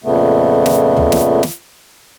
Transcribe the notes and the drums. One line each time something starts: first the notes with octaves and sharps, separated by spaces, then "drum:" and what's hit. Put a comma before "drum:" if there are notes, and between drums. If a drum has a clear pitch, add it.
F2 A#2 C#3 A3 B3
drum: snare
drum: tom
drum: snare
drum: snare